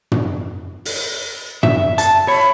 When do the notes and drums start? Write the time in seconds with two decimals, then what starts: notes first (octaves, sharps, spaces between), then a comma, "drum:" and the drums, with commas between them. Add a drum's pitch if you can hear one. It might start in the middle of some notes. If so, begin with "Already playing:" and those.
0.12 drum: tom
0.85 drum: open hi-hat
1.63 E5, drum: tom
1.98 A5, drum: hi-hat
2.28 C#5 B5